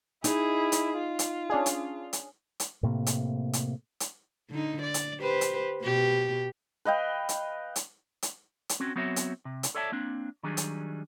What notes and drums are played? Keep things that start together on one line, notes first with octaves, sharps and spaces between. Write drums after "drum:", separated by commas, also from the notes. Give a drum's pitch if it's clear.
D#4 E4 G#4, drum: hi-hat
drum: hi-hat
F4
drum: hi-hat
C#4 D4 G#4
drum: hi-hat
drum: hi-hat
drum: hi-hat
A2 C3 A#3
drum: hi-hat
drum: hi-hat
drum: hi-hat
D3 D#4
D5
drum: hi-hat
G4 B4 C5
drum: hi-hat
B2 G4
B4 D#5 F5 G5
drum: hi-hat
drum: hi-hat
drum: hi-hat
drum: hi-hat
C4 C#4 F#4
F#3 B3 C4 F#4 C#5 E5
drum: hi-hat
C3
drum: hi-hat
A4 C#5 D5 E5 F#5 A5
A#3 C4 D4
D#3 F#3 G3 D4 G#4
drum: hi-hat